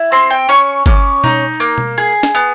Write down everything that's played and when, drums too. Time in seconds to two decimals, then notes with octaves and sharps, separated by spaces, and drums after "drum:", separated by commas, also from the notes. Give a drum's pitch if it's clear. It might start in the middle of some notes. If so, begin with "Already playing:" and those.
Already playing: E4
0.12 C4 C6
0.31 G5
0.49 C#4 C#6
0.86 C#4 D6, drum: kick G1
1.24 D#4, drum: tom B2
1.60 A#3
1.78 drum: tom B2
1.98 G#4
2.23 drum: snare
2.35 B3